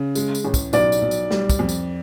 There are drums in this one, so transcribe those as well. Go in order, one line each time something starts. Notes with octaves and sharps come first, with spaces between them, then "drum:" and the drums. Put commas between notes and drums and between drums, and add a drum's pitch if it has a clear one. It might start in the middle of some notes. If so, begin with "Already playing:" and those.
Already playing: C#3
G#3, drum: tambourine
drum: tambourine
A1
drum: kick, tambourine
B1 D5, drum: tambourine
drum: tambourine
B1
drum: tambourine
G3, drum: snare
drum: kick, tambourine
F2
drum: tambourine